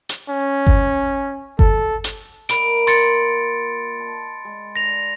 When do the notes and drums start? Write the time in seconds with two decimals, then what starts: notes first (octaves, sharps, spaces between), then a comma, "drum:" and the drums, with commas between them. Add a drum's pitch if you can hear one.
0.09 drum: hi-hat
0.29 C#4
0.67 drum: kick G1
1.59 A4, drum: kick G1
2.04 drum: hi-hat
2.49 A#3 A#4 D#5 B5 D7, drum: hi-hat
2.87 A#2 C6 A6 C#7, drum: open hi-hat
4.00 A5
4.45 G#3
4.76 D3 A#6 F7